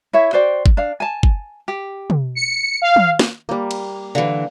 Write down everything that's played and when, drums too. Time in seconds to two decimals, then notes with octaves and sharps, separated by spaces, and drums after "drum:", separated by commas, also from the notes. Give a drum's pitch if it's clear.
0.13 E4 C#5 E5
0.33 F#4 C5 D5 G5
0.66 drum: kick
0.77 D4 F5
1.00 G#5 A5
1.23 drum: kick
1.68 G4
2.10 drum: tom
2.35 C#7
2.82 F5
2.96 drum: tom
3.19 drum: snare
3.49 G3 A#3
3.71 drum: cymbal
4.15 D3 E3 D5 F5